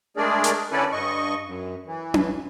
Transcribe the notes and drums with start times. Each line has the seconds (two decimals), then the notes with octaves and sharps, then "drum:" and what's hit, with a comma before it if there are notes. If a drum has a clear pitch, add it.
0.17 G#3 A3 D4 G#4 A#4 D5
0.44 drum: hi-hat
0.72 D3 C#4 E4 A4 B4 D5
0.92 G2 D#5 C#6
1.46 F#2
1.86 E3
2.14 drum: tom C#4